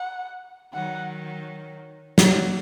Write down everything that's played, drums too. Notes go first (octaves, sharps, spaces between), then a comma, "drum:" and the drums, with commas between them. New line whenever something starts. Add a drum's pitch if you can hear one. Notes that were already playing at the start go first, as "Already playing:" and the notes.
Already playing: F#5
D#3 F#3 F#5
F#3 A#3, drum: snare